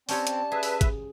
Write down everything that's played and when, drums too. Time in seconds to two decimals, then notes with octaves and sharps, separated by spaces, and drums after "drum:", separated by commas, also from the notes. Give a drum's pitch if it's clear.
0.09 C4 C#4 G4 C#5 D5 A5, drum: open hi-hat
0.27 drum: hi-hat
0.52 G#4 B4 E5
0.63 drum: open hi-hat
0.81 drum: kick G#1, hi-hat